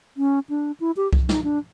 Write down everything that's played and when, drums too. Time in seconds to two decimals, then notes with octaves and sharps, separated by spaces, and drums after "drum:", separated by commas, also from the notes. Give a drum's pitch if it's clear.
0.17 C#4
0.49 D4
0.80 E4
0.97 G4
1.13 drum: kick C2
1.29 D#4, drum: snare
1.44 D4